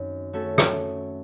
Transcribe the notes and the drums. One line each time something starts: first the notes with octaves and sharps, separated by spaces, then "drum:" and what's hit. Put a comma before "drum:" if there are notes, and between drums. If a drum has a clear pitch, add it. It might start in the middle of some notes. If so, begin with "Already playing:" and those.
Already playing: F#2 D#3 F#3 C4 D#4
A3 C#4 F#4 A4
drum: rim click